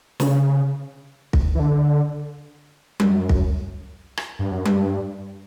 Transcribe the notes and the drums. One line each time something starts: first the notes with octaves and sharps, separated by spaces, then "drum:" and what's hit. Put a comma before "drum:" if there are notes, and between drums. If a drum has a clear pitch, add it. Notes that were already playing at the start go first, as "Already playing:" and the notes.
C#3, drum: snare
drum: kick
E3
D3
F#2, drum: tom G3
drum: kick
drum: rim click
G2
F#2
G2, drum: tom G3